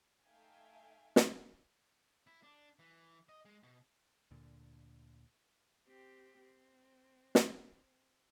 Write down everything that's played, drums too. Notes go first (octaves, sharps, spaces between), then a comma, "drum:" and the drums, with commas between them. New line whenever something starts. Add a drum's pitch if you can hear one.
A3 D#4 E5 F5 G5 G#5
drum: snare
E4
D4
E3
D#5
G#3
B2
D2 A#2 D3
C4 G4
C4
drum: snare